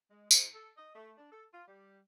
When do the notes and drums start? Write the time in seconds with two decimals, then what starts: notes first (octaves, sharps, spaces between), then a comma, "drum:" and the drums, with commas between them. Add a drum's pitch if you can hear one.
0.11 G#3
0.31 G#2, drum: tambourine
0.53 A4
0.77 D#5
0.95 A3
1.18 D4
1.32 A4
1.53 F4
1.68 G3